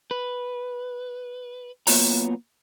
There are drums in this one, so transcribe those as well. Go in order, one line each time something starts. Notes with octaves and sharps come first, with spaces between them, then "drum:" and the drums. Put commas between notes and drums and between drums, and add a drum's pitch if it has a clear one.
B4
F#3 A#3 B3 F4 C#5 A#5, drum: open hi-hat